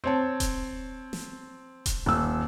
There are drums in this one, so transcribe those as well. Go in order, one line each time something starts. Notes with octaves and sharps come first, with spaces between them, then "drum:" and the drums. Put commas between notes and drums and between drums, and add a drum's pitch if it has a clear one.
C4 C#5 A5
drum: kick D#1, hi-hat
drum: snare
drum: kick D#1, hi-hat
D#1 E6